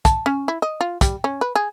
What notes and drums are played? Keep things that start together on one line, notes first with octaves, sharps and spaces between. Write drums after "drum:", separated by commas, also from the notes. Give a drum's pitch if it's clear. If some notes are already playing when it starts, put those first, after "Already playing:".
A5, drum: kick, hi-hat
C#4
E4
D#5
F4
G3, drum: kick, hi-hat
C#4
B4
G#4